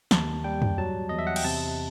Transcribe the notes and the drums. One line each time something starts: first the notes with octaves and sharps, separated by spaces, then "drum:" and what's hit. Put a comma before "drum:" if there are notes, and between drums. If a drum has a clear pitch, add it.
D#2 A5, drum: snare
G3 G5
drum: tom
F#3 A5
E2 D#5
E5
F#5
G5, drum: cymbal
C3 A5